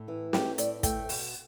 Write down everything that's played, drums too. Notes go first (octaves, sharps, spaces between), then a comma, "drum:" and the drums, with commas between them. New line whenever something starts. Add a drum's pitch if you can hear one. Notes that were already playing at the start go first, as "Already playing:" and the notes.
Already playing: A2
E3
A3 G4, drum: snare
A2 D5, drum: hi-hat
A3 G5, drum: kick, hi-hat
B2, drum: open hi-hat